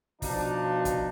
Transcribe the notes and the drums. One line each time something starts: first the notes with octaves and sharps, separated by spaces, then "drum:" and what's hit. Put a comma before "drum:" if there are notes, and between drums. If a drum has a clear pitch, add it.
B2 F3 D4 D#4, drum: kick, open hi-hat
drum: kick, hi-hat